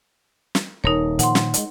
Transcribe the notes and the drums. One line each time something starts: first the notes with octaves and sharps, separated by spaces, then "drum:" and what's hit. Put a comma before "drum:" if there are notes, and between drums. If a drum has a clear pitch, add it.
drum: snare
D#1 D#4 A#4 C#5
A#2 D#3 F3 F#5 C6, drum: hi-hat
drum: snare
G3 G#3, drum: hi-hat